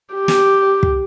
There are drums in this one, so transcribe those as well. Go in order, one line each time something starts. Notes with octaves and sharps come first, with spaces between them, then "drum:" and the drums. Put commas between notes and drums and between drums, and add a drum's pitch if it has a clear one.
G4
drum: snare
drum: kick